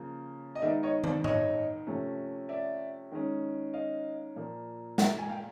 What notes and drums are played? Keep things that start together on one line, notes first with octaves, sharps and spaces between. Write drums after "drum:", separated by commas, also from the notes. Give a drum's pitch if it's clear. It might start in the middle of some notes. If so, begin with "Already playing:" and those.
Already playing: C#3 F3 A#3
D#5
D#3 G#3 B3 D5 E5
C#5 D#5
C5 D5, drum: tom
C#5 D#5, drum: tom A2
C3 F3 A3 C#4
D5 E5
D#3 G#3 C#4
D#5 F5
A#2 F3 A#3
E5 F#5, drum: snare
G#5
F5 G5